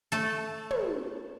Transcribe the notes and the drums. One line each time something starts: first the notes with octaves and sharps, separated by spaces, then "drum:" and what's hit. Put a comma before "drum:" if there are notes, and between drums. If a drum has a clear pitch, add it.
A3 A4
drum: tom